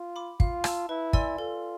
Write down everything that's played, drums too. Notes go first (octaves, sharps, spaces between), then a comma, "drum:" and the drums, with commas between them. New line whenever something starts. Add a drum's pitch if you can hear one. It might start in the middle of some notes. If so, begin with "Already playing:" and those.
Already playing: F4
B5 D6
F4 F5, drum: kick
A5 E6, drum: rim click
E4 B4
D5 G#5 C6 E6, drum: kick
F4 A4